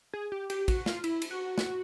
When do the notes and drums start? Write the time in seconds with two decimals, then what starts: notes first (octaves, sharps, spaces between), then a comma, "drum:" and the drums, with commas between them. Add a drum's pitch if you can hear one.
0.13 G#4
0.32 G4
0.50 G4, drum: cymbal
0.68 F#4, drum: kick, cymbal
0.86 F4, drum: snare
1.04 E4, drum: cymbal
1.22 drum: cymbal
1.31 F#4
1.58 drum: snare